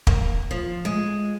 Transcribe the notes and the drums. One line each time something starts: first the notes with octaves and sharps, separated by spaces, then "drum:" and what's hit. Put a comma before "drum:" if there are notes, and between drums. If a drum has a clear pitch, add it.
A#3, drum: kick
F3
G#3